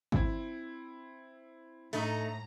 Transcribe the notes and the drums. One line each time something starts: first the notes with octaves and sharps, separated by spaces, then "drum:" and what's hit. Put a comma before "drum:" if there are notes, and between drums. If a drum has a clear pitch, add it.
C4 E4, drum: kick G#1
A2 A3 D#4 A#5, drum: open hi-hat